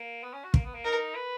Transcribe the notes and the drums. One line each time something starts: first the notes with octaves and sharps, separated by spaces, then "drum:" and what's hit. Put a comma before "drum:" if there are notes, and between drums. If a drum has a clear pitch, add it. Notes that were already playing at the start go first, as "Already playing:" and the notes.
Already playing: A#3
B3
C#4
F#4
A#3, drum: kick
B3
A#3
D#4 A#4
B4